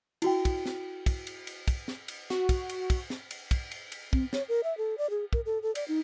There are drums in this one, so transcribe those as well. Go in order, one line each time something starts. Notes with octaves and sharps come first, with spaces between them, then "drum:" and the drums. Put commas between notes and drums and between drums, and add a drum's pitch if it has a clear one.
E4 F#4 G5, drum: cymbal
drum: kick, cymbal
drum: snare
drum: kick, cymbal
drum: cymbal
drum: cymbal
drum: kick, cymbal
drum: snare
drum: cymbal
F#4, drum: snare
drum: kick, cymbal
drum: cymbal
drum: kick, cymbal
drum: snare
drum: cymbal
drum: kick, cymbal
drum: cymbal
drum: cymbal
C4, drum: kick
C#5, drum: snare
A#4
E5
A4
D5
G#4
A#4, drum: kick
A4
A4
D5, drum: cymbal
D#4